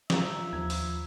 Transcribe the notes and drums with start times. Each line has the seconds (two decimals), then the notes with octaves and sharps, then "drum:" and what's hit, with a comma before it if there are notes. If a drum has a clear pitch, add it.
0.10 F4 E5 A#5, drum: snare
0.53 D#2 F3 G#6
0.70 drum: open hi-hat